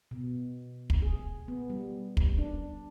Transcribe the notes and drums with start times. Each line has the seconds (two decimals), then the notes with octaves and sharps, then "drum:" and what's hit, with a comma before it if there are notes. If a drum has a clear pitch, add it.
0.11 B2
0.90 drum: kick
1.02 G#4
1.48 B3
1.70 G3
2.17 drum: kick
2.38 D4